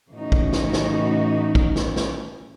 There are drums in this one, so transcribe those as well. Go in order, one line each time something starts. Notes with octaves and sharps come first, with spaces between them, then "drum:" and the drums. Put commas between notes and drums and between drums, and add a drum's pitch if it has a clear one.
A2 C#3 E3 C#4 D#4 F#4
drum: kick
drum: snare
drum: snare
drum: kick
drum: snare
drum: snare